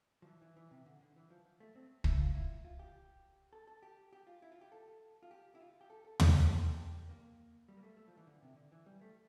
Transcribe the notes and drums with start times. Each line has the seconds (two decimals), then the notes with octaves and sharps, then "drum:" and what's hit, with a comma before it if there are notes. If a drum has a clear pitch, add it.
0.22 F3
0.27 E3
0.42 E3
0.56 E3
0.71 C3
0.86 D3
1.01 D3
1.16 E3
1.30 F3
1.60 A3
1.75 C4
2.04 E4, drum: kick
2.20 F4
2.34 E4
2.65 F4
2.79 G4
3.53 A4
3.67 A4
3.82 G4
4.13 G4
4.27 F4
4.42 E4
4.52 F4
4.61 G4
4.72 A4
5.23 F4
5.31 G4
5.55 E4
5.60 F4
5.81 G4
5.90 A4
6.05 A4
6.20 A4, drum: tom
6.34 G4
6.48 A4
6.61 G4
7.09 A#3
7.68 G3
7.77 A#3
7.83 A3
7.97 A3
8.08 F3
8.17 E3
8.27 D3
8.43 C3
8.56 D3
8.72 E3
8.86 G3
9.01 A3